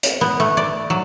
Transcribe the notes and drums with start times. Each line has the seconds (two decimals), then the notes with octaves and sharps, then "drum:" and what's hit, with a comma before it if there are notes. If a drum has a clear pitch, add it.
0.03 drum: hi-hat
0.21 B3
0.40 A3
0.57 D5
0.90 F#3